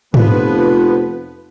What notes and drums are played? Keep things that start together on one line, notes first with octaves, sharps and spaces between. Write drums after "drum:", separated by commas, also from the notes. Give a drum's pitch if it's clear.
F1 F3 B3 B4, drum: tom G#2